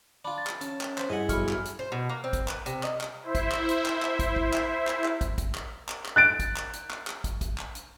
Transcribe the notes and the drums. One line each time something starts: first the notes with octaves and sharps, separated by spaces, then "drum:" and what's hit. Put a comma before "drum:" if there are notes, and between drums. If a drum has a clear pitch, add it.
D4 F4 B5
A6
drum: clap
C#4 A5, drum: hi-hat
drum: clap
C5, drum: clap
G2 E4 G#4 D#5 E5 F#5
B1 B5 C#6 F6, drum: kick, hi-hat
drum: clap
drum: hi-hat
C5
B2
A#3
C4
drum: kick, hi-hat
B4, drum: clap
C3, drum: hi-hat
D#5, drum: clap
drum: clap
E4 C5 E5
drum: kick, hi-hat
drum: clap
drum: hi-hat
drum: clap
drum: clap
drum: kick, hi-hat
drum: kick
drum: clap
drum: clap
drum: clap
drum: kick, hi-hat
drum: kick, hi-hat
drum: clap
drum: clap
drum: clap
F#6 A6 D7
drum: kick, hi-hat
drum: clap
drum: hi-hat
drum: clap
drum: clap
drum: kick, hi-hat
drum: kick, hi-hat
drum: clap
drum: hi-hat